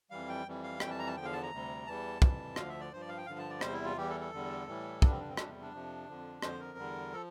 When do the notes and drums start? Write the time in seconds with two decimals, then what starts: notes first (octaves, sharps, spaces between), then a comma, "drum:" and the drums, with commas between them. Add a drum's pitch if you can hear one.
0.11 F2 E3 G3 F5
0.29 G5
0.46 F2 E3 G3
0.63 F5
0.80 F2 E3 G3 G5, drum: rim click
0.90 A5
0.99 A#5
1.07 A5
1.16 E2 D3 F3 G5
1.25 F5
1.33 A5
1.43 A#5
1.51 D2 C3 G3
1.87 E2 E3 G3 A5
2.22 F2 E3 G3, drum: kick
2.56 D2 D3 F3 F5, drum: rim click
2.69 E5
2.80 D5
2.91 G2 F3 C5
3.01 D5
3.09 F5
3.17 G5
3.26 G2 D3 F3 F5
3.38 A5
3.50 D5
3.61 E2 C3 G3 C5, drum: rim click
3.73 E4
3.85 F4
3.96 E2 E3 G3 G4
4.09 A4
4.20 A4
4.33 E2 D3 G3
4.67 A2 E3 G3
5.02 G2 D3 G3 D4, drum: kick
5.11 C4
5.20 D4
5.29 C4
5.37 E2 C3 G3 D4, drum: rim click
5.62 D4
5.73 F2 C3 F3
6.08 F2 D3 F3
6.42 F2 D3 F3 C5, drum: rim click
6.60 A#4
6.78 E2 D3 G3
7.13 F3 A4